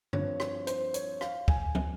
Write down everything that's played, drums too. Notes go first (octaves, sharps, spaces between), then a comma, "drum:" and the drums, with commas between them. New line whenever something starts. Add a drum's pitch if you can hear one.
G2 F3 C4 C#5, drum: tom G2
C#5, drum: rim click
C5, drum: hi-hat
C#5, drum: hi-hat
F5, drum: rim click
G#5, drum: kick
drum: tom